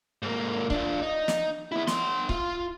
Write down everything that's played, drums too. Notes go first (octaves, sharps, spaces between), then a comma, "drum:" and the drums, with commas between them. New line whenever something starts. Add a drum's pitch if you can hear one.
G#2 A#3
D4 F4, drum: kick C#1
D#4
drum: snare
B3 E4
B3 C6, drum: snare
F4, drum: kick C#1